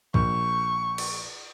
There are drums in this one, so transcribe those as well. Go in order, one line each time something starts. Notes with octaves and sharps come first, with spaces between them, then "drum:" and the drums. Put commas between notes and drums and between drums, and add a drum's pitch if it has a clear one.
A#1 C#6, drum: kick C2
drum: cymbal